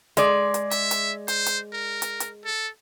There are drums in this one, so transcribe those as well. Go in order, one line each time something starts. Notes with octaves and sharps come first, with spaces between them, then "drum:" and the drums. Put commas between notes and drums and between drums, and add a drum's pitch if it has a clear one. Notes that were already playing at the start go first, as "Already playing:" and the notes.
G#3 D5, drum: hi-hat
drum: hi-hat
E5, drum: hi-hat
drum: hi-hat
C5, drum: hi-hat
drum: hi-hat
A#4
drum: hi-hat
drum: hi-hat
A4